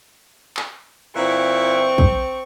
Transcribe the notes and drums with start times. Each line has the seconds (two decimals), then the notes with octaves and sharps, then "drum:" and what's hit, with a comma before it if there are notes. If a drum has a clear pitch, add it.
0.57 drum: clap
1.16 A#2 E3 C4 E4 C#6
1.98 drum: kick